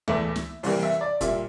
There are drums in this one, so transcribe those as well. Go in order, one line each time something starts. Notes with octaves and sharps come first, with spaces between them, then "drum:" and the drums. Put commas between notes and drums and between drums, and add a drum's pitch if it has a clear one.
E2 E3 A3 E5, drum: tom D2
drum: snare
C2 C3 E3 G3 A#3, drum: open hi-hat
E5
D5
A#2 G3 A#3 E5, drum: kick, hi-hat